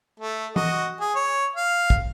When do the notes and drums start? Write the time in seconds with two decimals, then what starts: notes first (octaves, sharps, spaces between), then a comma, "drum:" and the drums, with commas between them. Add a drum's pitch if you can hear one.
0.19 A3
0.56 F#4 D#5, drum: tom E3
1.00 G#4
1.15 C#5
1.56 F5
1.90 drum: kick